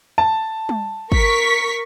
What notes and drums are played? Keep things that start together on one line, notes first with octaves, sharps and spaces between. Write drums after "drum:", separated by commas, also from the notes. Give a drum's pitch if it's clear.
A5
drum: tom
A#4 C#6 B6, drum: kick